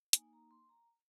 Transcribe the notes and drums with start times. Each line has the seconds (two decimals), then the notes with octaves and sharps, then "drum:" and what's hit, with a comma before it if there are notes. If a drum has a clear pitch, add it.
0.13 A#3 D#4 G#5, drum: hi-hat
0.33 A#5
0.51 C6
0.69 A#5